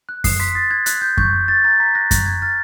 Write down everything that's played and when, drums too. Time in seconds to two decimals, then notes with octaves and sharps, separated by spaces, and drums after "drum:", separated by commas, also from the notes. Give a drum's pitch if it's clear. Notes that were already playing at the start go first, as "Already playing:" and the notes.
0.09 F#6
0.24 D#6 C7, drum: kick F#2, open hi-hat
0.40 C6 B6
0.55 D#6 A6
0.70 F#6 G#6
0.86 F#6 G#6, drum: hi-hat
1.01 F#6 G6
1.17 C#6 G6, drum: kick F#2
1.33 C#6
1.48 C#6 A6
1.64 A#5 A6
1.80 A#5 B6
1.95 F#6 A#6
2.11 C#6 A#6, drum: kick F#2, hi-hat
2.26 C#6 G#6
2.42 F6 A6